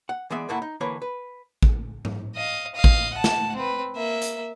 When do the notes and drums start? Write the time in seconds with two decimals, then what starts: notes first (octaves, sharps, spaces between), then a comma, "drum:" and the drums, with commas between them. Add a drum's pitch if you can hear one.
0.09 F#5
0.30 E3 G#3 B3 D5 E5
0.49 G#2 D3 A3 A#3 E4 F#5
0.62 D#4
0.80 D3 E3 A#3 E4 B4 C#5
1.02 B4
1.63 drum: kick A1
2.05 drum: tom G#2
2.35 D#5 F5
2.75 D#5 F5
2.84 drum: kick A1
3.14 F#5 A5
3.24 drum: snare
3.55 C4 B4
3.95 A#3 E5
4.21 drum: hi-hat